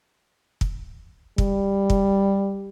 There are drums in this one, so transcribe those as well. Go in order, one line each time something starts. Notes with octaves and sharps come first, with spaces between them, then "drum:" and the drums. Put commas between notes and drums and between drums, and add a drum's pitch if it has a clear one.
drum: kick
G3, drum: kick
drum: kick